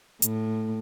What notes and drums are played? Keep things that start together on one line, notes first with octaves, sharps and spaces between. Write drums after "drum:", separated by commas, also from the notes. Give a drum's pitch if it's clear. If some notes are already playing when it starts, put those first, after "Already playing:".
A2, drum: hi-hat